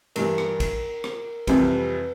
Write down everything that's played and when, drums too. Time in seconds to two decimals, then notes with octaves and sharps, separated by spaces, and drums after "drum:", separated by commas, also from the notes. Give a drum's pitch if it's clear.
0.16 G2 E3 G3 A#4, drum: cymbal
0.38 drum: rim click
0.60 drum: kick, cymbal
1.04 drum: rim click
1.47 F2 C3 E3 G3 B4, drum: kick, cymbal